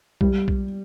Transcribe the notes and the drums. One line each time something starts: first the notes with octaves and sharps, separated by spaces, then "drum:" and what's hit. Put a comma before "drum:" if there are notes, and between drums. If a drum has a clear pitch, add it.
G3, drum: kick B1
drum: kick B1